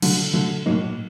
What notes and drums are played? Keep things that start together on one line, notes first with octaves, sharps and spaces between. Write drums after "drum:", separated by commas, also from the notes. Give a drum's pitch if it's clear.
D3 F#3 A3, drum: cymbal
D3 F#3 A3
A2 F#3 A#3 D#4